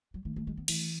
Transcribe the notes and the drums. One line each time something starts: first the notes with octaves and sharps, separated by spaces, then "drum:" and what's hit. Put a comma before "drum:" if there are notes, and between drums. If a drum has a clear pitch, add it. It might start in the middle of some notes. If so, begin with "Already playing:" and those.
F#3
D#3 A3
A3
G#3
B3
E3 A3, drum: cymbal